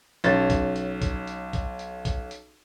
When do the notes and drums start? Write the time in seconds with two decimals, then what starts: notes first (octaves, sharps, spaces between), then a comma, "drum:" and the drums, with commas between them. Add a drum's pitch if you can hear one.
0.24 B1 C#4 A6, drum: hi-hat
0.50 drum: kick B1, hi-hat
0.76 drum: hi-hat
1.02 drum: kick B1, hi-hat
1.27 drum: hi-hat
1.53 drum: kick B1, hi-hat
1.79 drum: hi-hat
2.05 drum: kick B1, hi-hat
2.31 drum: hi-hat